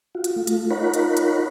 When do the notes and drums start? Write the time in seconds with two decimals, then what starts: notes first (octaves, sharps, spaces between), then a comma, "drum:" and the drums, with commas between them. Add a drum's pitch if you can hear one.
0.15 F4 F#4
0.24 drum: hi-hat
0.36 A3 F4
0.47 drum: hi-hat
0.70 D#4 F4 A#4 C#5 F#5 B5
0.94 drum: hi-hat
1.17 drum: hi-hat